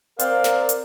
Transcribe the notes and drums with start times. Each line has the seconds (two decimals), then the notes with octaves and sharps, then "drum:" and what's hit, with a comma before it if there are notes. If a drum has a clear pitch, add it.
0.19 C4 A#4 D5 F5, drum: hi-hat
0.44 drum: snare
0.69 drum: hi-hat